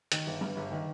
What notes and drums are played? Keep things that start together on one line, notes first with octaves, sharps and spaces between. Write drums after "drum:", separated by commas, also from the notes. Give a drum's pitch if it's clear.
D#3, drum: hi-hat
G1
G2
G1
D#3